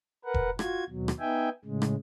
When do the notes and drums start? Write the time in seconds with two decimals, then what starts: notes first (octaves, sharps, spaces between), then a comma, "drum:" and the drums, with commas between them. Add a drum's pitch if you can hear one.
0.25 A#4 B4 F#5
0.34 drum: kick E1
0.59 F4 F#4 G#6, drum: rim click
0.89 D#2 B2 F#3
1.08 drum: rim click
1.20 B3 D#4 E5 G5 G#5
1.65 A2 C#3 G#3
1.82 drum: rim click